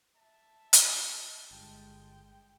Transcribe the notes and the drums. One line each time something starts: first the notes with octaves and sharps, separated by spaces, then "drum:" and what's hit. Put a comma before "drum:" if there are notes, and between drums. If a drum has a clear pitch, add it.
E5 A5
drum: hi-hat
G1 G#3 G5